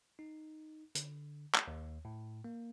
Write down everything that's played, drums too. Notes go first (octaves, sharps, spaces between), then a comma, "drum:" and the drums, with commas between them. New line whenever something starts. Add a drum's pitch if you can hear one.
D#4
D3, drum: hi-hat
drum: clap
D#2
A2
A#3